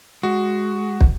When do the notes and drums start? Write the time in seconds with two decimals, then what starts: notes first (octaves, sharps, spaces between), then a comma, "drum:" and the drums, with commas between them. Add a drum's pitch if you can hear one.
0.23 G#3 F#4
1.01 drum: kick